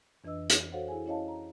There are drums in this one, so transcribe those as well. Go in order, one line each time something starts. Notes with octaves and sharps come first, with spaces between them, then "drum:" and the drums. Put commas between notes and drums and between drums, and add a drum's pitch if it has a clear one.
F2 E3 D4 B4 D#5 E6
drum: hi-hat
F#4 A4 C5 C#5 F5 F#5
E4 G#4 G#5
C#4 E4 C#5 D#5 F5 A5
A#5